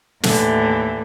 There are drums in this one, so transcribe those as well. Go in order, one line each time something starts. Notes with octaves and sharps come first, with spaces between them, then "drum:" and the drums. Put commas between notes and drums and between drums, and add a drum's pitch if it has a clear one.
D#2 A2 D3 E3, drum: snare